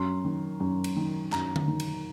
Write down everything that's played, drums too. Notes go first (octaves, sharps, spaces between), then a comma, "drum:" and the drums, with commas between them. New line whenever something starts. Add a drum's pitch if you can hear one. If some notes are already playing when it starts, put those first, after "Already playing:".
Already playing: F#2 C6
D#3
F#2
drum: cymbal
D#3
F#2 A#5, drum: clap
drum: tom D3
D#3
drum: cymbal